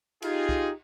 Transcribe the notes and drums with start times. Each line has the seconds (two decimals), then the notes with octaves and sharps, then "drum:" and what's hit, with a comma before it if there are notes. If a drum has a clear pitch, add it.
0.22 D#4 F4 G4 G#4, drum: cymbal
0.49 drum: kick